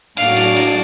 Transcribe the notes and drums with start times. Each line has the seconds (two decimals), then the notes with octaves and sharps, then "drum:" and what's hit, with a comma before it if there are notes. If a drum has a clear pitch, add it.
0.17 A2 F#3 A#3 D4 F#4 F5, drum: cymbal
0.37 drum: cymbal
0.57 drum: cymbal